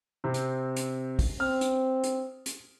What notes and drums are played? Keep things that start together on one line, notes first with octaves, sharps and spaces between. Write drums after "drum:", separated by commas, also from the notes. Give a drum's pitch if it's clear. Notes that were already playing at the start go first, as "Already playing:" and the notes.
C3 C4
drum: hi-hat
drum: hi-hat
drum: kick, open hi-hat
C4 F6
drum: hi-hat
drum: hi-hat
drum: hi-hat